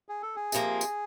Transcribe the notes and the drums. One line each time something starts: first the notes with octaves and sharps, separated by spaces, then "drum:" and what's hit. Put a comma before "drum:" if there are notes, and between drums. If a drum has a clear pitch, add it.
G#4
A4
G#4
C3 F3 A#3, drum: tambourine
drum: tambourine